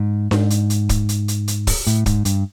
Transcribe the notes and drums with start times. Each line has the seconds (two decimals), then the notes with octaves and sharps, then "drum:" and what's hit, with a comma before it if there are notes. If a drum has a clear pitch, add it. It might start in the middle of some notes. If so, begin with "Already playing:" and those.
Already playing: G#2
0.31 G#2, drum: snare D4
0.50 drum: hi-hat
0.70 drum: hi-hat
0.89 drum: kick, hi-hat
1.09 drum: hi-hat
1.28 drum: hi-hat
1.48 drum: hi-hat
1.67 drum: kick, open hi-hat
1.87 A2, drum: hi-hat
2.06 G#2, drum: kick, hi-hat
2.25 G2, drum: hi-hat